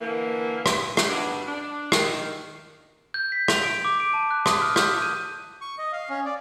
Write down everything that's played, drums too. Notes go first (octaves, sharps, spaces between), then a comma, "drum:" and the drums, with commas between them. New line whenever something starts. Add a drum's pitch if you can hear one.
D3 E3 A#3
drum: rim click
drum: rim click
G2 B2 D4
D4
D#3, drum: rim click
G6
B6
F7, drum: rim click
D7
D6
D7
A5
F#6
D#6, drum: rim click
F6
G6, drum: rim click
D#7
C#6
D#5
F5
C#4
D5